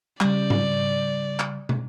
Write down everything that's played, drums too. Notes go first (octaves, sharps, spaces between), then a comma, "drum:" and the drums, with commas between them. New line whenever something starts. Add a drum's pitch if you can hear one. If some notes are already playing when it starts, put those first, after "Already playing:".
C#3 G3 D5, drum: clap
drum: tom G#2
drum: clap
drum: tom